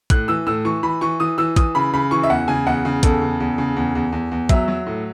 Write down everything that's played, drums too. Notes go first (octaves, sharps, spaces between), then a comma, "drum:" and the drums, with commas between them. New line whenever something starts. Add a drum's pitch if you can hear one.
A2 F#6, drum: kick, hi-hat
E3 E6
A2 E6
E3 C#6
E3 B5
E3 C#6
E3 D#6
E3 E6
E3 D#6, drum: kick, hi-hat
C#3 B5
C#3 B5
E3 C#6
E5
E2 F#5
C#3 G#5
E2 F#5
C#3
E2 A4, drum: kick, hi-hat
C#3
E2
C#3
E2
E2
E2
E2
F#3 E5, drum: kick, hi-hat
F#3
A2